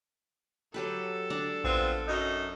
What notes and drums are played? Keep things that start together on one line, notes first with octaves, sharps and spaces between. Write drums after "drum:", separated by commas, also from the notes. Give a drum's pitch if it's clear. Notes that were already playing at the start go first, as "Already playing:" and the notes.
F#3 G4 A4 B4
D4 D5 A#5
B3 C4 F4, drum: kick A#1
F#2 D#4